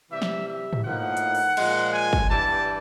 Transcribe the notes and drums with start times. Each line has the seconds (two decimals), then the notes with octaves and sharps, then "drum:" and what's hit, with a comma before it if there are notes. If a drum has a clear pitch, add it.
0.10 C3 E3 G3 E5
0.22 drum: snare
0.48 E5
0.73 drum: tom G#2
0.83 A2 F3 A#3 D#4 F#5
1.17 drum: hi-hat
1.35 drum: open hi-hat
1.57 A#2 F3 G#3, drum: cymbal
1.93 G#5
2.13 drum: kick
2.30 G2 E3 G3 A5